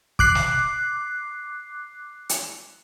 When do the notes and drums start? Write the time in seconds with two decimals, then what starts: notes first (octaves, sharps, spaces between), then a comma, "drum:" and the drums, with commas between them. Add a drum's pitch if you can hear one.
0.19 D6 F#6 C7, drum: kick
0.35 drum: snare
2.29 drum: hi-hat